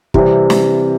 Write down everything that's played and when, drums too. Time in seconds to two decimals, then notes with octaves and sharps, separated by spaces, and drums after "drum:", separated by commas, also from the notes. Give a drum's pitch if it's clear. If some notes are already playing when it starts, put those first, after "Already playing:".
0.14 C3 E3 G3 C4, drum: kick
0.50 drum: snare